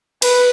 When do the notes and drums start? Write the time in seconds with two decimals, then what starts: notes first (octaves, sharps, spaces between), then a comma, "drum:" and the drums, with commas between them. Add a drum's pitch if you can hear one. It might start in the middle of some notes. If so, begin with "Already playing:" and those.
0.22 B4, drum: cymbal